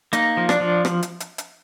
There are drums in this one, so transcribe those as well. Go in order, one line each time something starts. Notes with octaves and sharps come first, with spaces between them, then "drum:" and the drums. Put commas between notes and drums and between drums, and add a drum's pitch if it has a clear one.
A#3 D#4, drum: hi-hat
F3
D4, drum: rim click
F3
drum: rim click
drum: hi-hat
drum: hi-hat
drum: hi-hat